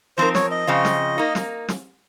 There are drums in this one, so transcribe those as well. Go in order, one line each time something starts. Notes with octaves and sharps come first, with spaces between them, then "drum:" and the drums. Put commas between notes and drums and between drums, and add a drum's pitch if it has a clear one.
F3 C4 D#4 A#4 C5
C#5, drum: snare
D#5
C#3 F3 C4 F4
drum: snare
A#3 D#4
drum: snare
drum: snare